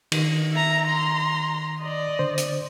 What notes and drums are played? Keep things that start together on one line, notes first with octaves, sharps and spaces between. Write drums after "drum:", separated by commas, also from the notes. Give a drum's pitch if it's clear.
D#3, drum: cymbal
E5 A#5
A#5 C6
D5 D#5
D3 C5
drum: hi-hat